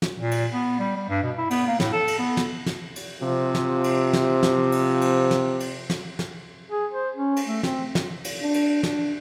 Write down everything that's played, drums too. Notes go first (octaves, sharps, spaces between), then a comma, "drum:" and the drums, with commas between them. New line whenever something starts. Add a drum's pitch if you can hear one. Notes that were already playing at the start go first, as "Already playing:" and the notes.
drum: snare
A#2
drum: cymbal
B3
G3
G3
G2
B2
E4
B3, drum: cymbal
A#3
A2, drum: snare
A4
drum: cymbal
B3
drum: snare
drum: snare
drum: cymbal
C3 F3
drum: snare
drum: cymbal
drum: snare
drum: snare
drum: cymbal
drum: cymbal
drum: snare
drum: cymbal
drum: snare
drum: snare
G#4
C5
C#4
drum: cymbal
A3
C4, drum: snare
drum: snare
drum: cymbal
D4
drum: cymbal
D4, drum: snare